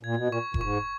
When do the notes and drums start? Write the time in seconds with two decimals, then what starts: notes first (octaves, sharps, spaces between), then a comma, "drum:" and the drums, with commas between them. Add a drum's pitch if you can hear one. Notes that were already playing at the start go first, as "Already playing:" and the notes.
0.03 A#2 G#6
0.16 B2
0.28 A#2 C#6
0.54 A#2, drum: kick F1
0.61 G#2 C#6